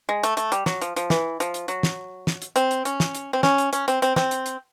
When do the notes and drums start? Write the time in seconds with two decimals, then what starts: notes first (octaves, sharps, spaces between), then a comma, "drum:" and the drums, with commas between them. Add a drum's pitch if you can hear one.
0.09 G#3
0.23 A3, drum: hi-hat
0.37 A3, drum: hi-hat
0.52 G3, drum: hi-hat
0.66 F#3, drum: snare
0.82 F3, drum: hi-hat
0.96 F3, drum: hi-hat
1.10 E3, drum: snare
1.40 F3, drum: hi-hat
1.54 drum: hi-hat
1.68 F#3, drum: hi-hat
1.83 drum: snare
2.27 drum: snare
2.42 drum: hi-hat
2.56 C4, drum: hi-hat
2.71 drum: hi-hat
2.85 C#4, drum: hi-hat
3.00 drum: snare
3.15 drum: hi-hat
3.33 C4
3.43 C#4, drum: snare
3.58 drum: hi-hat
3.73 C#4, drum: hi-hat
3.88 C4, drum: hi-hat
4.02 C4, drum: hi-hat
4.16 C4, drum: snare
4.31 drum: hi-hat
4.46 drum: hi-hat